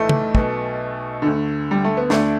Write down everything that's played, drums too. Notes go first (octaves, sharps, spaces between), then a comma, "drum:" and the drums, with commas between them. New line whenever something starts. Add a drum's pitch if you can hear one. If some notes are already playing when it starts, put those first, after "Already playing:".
Already playing: B1 A2 E3 A3
drum: tom
B1 B2, drum: kick
D2 D3
G3
A3
B3
D2 D3 A3 D4, drum: snare